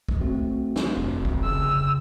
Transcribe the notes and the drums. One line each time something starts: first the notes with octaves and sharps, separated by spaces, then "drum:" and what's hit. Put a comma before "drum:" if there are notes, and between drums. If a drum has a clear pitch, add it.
drum: kick
A3 C4 F#4
drum: snare
F1
drum: kick
C#3 E6